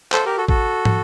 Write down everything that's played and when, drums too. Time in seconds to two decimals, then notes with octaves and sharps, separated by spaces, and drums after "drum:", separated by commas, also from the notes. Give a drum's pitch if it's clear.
0.12 A4 C5, drum: clap
0.25 G4 A#4
0.37 F#4 A4
0.48 F#4 A4, drum: kick G#1
0.85 drum: tom